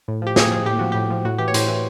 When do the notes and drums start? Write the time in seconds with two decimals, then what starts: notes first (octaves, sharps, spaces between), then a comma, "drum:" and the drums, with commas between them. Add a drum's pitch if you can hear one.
0.08 A2
0.22 F3 G4
0.36 A2 G#4, drum: snare
0.51 F3 G#4
0.66 A2 G4
0.79 F3 F#4
0.92 A2 G4
1.10 F3
1.25 A2 F#4
1.38 E3 G4
1.48 C#5
1.54 A2 C5, drum: hi-hat
1.68 E3